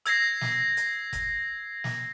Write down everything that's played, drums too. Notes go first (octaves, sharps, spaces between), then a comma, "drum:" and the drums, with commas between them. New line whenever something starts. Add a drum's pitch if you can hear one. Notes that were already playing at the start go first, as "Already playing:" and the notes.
E6 G#6 A#6 C7, drum: hi-hat
drum: snare
drum: hi-hat
drum: kick F#1, hi-hat
drum: snare